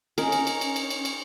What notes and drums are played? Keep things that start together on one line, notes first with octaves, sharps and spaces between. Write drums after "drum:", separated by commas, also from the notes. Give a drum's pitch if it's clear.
C#4 D#4 G#4 A#4, drum: cymbal
drum: cymbal
drum: cymbal
drum: cymbal
drum: cymbal
drum: cymbal
drum: cymbal